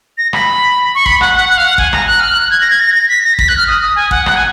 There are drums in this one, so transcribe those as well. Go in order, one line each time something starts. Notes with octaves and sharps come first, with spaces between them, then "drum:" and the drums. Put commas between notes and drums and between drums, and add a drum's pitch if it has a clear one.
A#6
B5, drum: rim click
C#6
B5, drum: kick
F#5, drum: rim click
F#5
F#5
F5
F#5
G#5, drum: kick
A#5, drum: rim click
F#6
F6
F#6
G#6
A#6
G#6
A#6
A#6
B6
A#6
B6, drum: kick
F#6
F6
D#6
D#6
G#5
F#5, drum: kick
F#5, drum: rim click
G#5